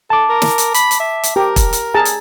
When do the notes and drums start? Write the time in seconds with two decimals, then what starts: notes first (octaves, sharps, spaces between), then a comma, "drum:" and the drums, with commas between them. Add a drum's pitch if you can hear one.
0.10 A4 A5 D6
0.29 A#4
0.42 drum: snare
0.58 drum: hi-hat
0.74 B5, drum: hi-hat
0.91 drum: hi-hat
1.00 E5
1.23 drum: hi-hat
1.36 G4 A#4
1.56 drum: kick E1, hi-hat
1.73 drum: hi-hat
1.94 G#4 A5 A#5
2.05 drum: hi-hat